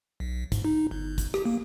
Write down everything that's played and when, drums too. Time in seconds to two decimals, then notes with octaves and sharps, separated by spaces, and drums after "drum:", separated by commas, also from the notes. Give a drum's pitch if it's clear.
0.20 B1
0.52 G#2, drum: kick, hi-hat
0.65 D#4
0.91 G1
1.18 drum: kick, hi-hat
1.34 G4, drum: rim click
1.46 A#3